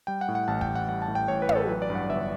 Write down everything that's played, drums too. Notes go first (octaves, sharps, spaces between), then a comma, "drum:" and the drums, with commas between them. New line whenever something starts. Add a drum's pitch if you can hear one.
G3 G5
F#5
A2
F#5
A1 A5
G5, drum: kick
A1
F#5
G3 F#5
A5
A2
G5
A1 C#5
B4
A1, drum: tom
A4
F#3 B4
D5
G2
F#5
G1 E5